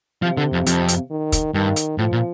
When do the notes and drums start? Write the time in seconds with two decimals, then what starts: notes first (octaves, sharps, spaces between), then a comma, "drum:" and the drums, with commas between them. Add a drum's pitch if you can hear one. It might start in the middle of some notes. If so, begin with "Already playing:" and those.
0.22 C3 F3
0.37 D3
0.52 F2
0.67 F2, drum: hi-hat
0.89 drum: hi-hat
1.10 D#3
1.32 drum: kick, hi-hat
1.54 G2 D#3
1.76 drum: hi-hat
1.98 A2 F3
2.12 A#2